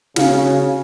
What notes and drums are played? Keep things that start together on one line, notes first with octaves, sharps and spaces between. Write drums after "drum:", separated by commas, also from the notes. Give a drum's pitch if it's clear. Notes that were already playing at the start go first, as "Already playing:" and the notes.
C#3 C#4 F#4 F5, drum: snare